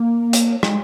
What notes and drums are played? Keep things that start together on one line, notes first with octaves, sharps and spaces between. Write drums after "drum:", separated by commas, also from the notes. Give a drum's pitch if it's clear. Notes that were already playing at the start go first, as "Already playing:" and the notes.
Already playing: A#3
drum: hi-hat
G#3, drum: rim click